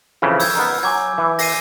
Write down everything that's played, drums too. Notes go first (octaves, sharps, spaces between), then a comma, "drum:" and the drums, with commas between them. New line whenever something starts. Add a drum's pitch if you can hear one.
F2 C#3 E3
E6 G6 G#6, drum: open hi-hat
B3 D#4 A#4
F#3 G#5 D6 G#6
E3
A#6 C7 D#7, drum: open hi-hat